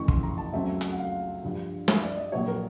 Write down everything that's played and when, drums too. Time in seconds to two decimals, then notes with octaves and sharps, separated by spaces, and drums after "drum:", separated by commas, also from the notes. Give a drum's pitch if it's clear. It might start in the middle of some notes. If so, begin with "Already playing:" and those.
Already playing: F#1 F2 C#3 E3 A3 C#6
0.08 C6, drum: kick
0.23 A#5
0.38 A5
0.53 C#2 C#3 F#3 A3 C4 E5
0.81 drum: hi-hat
0.92 F#5
0.98 F5
1.44 G2 D3 F3
1.88 E5, drum: snare
2.02 D5
2.17 D#5
2.32 A#1 A#2 F#3 C#5
2.48 A#4